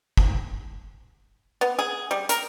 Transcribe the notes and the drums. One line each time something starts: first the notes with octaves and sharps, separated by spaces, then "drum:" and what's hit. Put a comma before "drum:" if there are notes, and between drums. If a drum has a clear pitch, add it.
drum: kick
B3
G#4
G3
A#4, drum: hi-hat